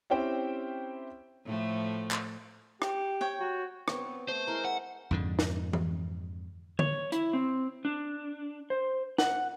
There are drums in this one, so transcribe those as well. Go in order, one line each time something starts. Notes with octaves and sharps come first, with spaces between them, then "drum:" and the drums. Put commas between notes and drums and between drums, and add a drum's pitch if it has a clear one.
C4 C#4 E4 G4 C5 G5
A2 F3 A3
drum: clap
G4, drum: rim click
C#5 G5
F#4
B3 C4 C#5, drum: rim click
A3 C5
G#3 E4 A#4
F#5
F2 G#2 D3
drum: snare
drum: tom E3
C#5, drum: tom D3
E4, drum: hi-hat
C4
D4
C5
F#5, drum: snare